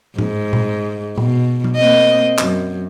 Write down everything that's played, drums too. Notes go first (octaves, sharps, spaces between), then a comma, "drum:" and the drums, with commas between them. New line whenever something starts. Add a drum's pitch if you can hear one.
G#2, drum: tom A2
drum: tom A#2
B2, drum: tom A#2
drum: tom F#3
A#3 C4 D#5
F#2, drum: clap